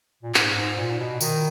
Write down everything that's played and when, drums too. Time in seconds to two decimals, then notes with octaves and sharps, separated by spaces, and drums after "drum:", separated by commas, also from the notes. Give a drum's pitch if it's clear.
0.23 A#2
0.34 G#2, drum: clap
0.56 G#2
0.77 A#2
1.00 B2
1.21 D#3, drum: tambourine